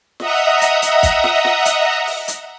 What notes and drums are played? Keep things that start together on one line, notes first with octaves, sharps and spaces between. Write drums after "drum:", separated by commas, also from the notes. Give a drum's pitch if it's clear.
D#5 E5 F#5 A#5 D#6, drum: snare
drum: hi-hat
drum: hi-hat
drum: kick, hi-hat
drum: snare
drum: snare
drum: hi-hat
drum: open hi-hat
drum: hi-hat